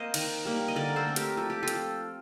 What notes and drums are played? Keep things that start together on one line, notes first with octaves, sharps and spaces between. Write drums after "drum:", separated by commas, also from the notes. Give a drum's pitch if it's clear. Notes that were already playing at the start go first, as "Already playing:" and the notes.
Already playing: A#3 C4 C5 D#5 F5
D#3, drum: cymbal
G3 A#3
D#5
D3 A#4 D5
A4 C5
A3 C4
G4 A#4, drum: hi-hat
F3 A4
G4
F4 A4
C4, drum: hi-hat